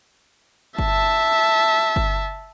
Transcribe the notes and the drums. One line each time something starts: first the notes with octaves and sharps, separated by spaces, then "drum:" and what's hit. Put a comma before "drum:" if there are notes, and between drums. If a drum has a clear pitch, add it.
E5 A5, drum: kick G1
drum: kick G1